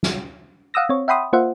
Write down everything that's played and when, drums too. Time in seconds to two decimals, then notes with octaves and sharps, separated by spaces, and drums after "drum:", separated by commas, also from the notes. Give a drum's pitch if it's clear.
0.03 drum: snare
0.74 F5 F#5 D#6 E6 A#6
0.89 C4 C#5
1.08 E5 F#5 G5 B5 C6 D#6
1.33 A#3 F4 C5 E5 F#5